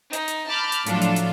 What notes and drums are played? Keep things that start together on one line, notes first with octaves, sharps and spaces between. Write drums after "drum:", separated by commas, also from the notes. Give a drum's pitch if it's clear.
D#4, drum: hi-hat
drum: hi-hat
A5 B5 D6 F6 G6 A6
drum: hi-hat
A2 F3 F#3 D4 F4 A4, drum: hi-hat
drum: hi-hat
drum: hi-hat